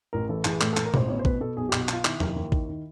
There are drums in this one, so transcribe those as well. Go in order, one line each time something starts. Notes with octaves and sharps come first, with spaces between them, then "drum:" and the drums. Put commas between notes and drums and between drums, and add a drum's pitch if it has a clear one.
A1 A#4
E3 A4
E3 G#4, drum: clap
A2 A4, drum: clap
A4
A2, drum: clap
A#4
A1 C5, drum: tom B2
B2 C#5
C5
B2 B4, drum: kick A1
B2 A4
B1 G#4
G4
B1, drum: clap
F#4
B2 F4, drum: clap
D#3 E4, drum: clap
D#2, drum: tom
D#2
D#3, drum: kick A1
D#3